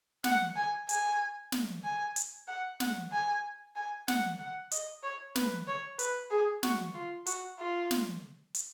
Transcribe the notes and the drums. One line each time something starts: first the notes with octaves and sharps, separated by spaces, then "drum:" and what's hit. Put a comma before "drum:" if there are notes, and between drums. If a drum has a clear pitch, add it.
F#5, drum: snare
G#5
G#5, drum: hi-hat
drum: snare
G#5
drum: hi-hat
F#5
F#5, drum: snare
G#5
G#5
F#5, drum: snare
F#5
D#5, drum: hi-hat
C#5
B4, drum: snare
C#5
B4, drum: hi-hat
G#4
F#4, drum: snare
F4
F#4, drum: hi-hat
F4
drum: snare
drum: hi-hat